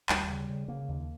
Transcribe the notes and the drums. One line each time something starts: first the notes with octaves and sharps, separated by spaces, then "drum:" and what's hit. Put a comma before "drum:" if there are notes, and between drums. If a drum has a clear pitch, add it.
D#2 G3, drum: clap
C#3
C#3
C#3 A#3
D#2